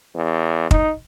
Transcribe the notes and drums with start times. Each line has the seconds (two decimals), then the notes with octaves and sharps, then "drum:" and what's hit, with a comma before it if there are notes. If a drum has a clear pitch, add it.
0.15 E2
0.71 D#4, drum: kick